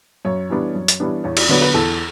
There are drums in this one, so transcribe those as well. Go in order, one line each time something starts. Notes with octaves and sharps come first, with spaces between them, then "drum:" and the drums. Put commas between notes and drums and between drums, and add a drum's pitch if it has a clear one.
F#2 C#5
E3 G3 B3 D4
F#2
drum: hi-hat
E3 G3 B3 D4
E2 C#5
D5, drum: cymbal
D3 F#3 B3 D4 C#5
B4
E2 A4